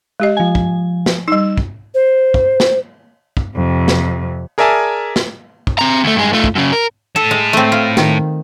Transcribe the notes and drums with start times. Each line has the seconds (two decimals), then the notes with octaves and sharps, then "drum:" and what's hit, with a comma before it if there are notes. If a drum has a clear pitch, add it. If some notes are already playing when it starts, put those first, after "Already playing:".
0.20 G#3 G4 D#5
0.37 F3 G#5
0.55 drum: kick
1.06 drum: snare
1.28 G3 D#4 E6
1.57 drum: kick
1.94 C5
2.34 drum: kick
2.60 drum: snare
3.37 drum: kick
3.56 F2 C3
3.88 drum: snare
4.58 G#4 A#4 D5 E5 G#5 A5
5.16 drum: snare
5.67 drum: kick
5.79 C4 A#5
6.04 D2 A3
6.16 G2 G#3
6.33 A3 F4
6.44 drum: kick
6.55 F#2 C#3
6.72 A#4
7.16 A2 A4 A5
7.31 G#3
7.53 A3 C4
7.72 F4
7.97 D#3, drum: snare